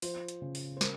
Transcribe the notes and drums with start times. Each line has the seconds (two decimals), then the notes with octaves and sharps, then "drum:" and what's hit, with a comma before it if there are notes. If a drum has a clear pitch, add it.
0.02 F3 C5, drum: open hi-hat
0.29 drum: hi-hat
0.42 C#3
0.55 drum: open hi-hat
0.77 C5
0.81 A#4, drum: snare